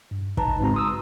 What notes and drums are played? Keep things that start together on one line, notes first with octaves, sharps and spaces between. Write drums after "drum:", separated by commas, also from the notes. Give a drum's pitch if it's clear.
G2
D#4 B4 A5 A#5, drum: kick
G#2 C#3 G#3 C4 F#4 A#5
C6 D#6 E6